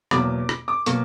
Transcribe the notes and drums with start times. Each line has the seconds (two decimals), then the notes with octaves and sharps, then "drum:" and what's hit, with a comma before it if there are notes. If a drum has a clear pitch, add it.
0.11 E2 B2 F#3 A#3 D6, drum: rim click
0.49 drum: rim click
0.68 D6
0.86 B2 F#3 A#3 C#6, drum: hi-hat